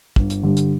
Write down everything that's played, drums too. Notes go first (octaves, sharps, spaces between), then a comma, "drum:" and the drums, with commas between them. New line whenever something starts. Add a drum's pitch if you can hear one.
G1, drum: kick
drum: hi-hat
G2 D3 G3
drum: hi-hat